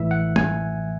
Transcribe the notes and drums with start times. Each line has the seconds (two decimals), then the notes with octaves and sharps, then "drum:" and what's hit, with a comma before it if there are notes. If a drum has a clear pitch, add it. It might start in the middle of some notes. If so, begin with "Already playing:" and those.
Already playing: A1 A2 E3 E5
0.11 F#5
0.36 G#5, drum: tom